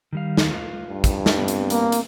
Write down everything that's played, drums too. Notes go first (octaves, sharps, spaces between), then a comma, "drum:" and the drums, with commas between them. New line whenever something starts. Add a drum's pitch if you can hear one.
D#3 G3 F5
drum: snare
F4 B4 F5
G2
drum: kick, hi-hat
drum: snare
B3 C4
drum: hi-hat
A#3, drum: hi-hat
drum: hi-hat